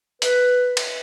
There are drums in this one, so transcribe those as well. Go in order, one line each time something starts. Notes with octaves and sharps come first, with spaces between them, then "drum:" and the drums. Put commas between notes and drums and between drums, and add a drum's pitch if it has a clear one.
B4, drum: hi-hat
drum: cymbal